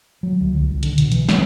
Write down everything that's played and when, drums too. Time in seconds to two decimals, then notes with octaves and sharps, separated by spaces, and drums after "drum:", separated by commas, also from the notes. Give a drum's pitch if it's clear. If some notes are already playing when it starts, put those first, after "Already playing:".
0.23 F#3
0.41 D2
0.55 C#2
0.68 C2
0.83 D3, drum: hi-hat
0.98 B2, drum: hi-hat
1.12 E3, drum: hi-hat
1.29 E3, drum: snare